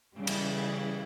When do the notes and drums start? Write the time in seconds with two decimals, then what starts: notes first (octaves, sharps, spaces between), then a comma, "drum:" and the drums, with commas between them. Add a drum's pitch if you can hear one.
0.17 C#3 E3 G3
0.27 drum: cymbal